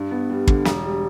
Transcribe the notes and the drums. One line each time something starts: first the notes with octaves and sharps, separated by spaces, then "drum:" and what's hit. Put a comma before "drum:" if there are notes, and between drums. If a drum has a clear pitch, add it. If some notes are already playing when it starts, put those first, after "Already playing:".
Already playing: G2
B3
G3
D3, drum: kick
E1, drum: snare
G3